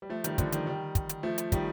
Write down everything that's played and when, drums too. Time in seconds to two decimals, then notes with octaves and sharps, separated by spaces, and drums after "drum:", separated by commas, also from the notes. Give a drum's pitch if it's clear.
0.02 G3
0.10 F3 A3
0.24 D#3 G3, drum: hi-hat
0.38 D3 F3, drum: kick, hi-hat
0.52 D#3 G3, drum: hi-hat
0.66 D#3 G3
0.95 drum: kick, hi-hat
1.09 drum: hi-hat
1.23 F3 A3
1.38 drum: hi-hat
1.52 D#3 G3, drum: kick, hi-hat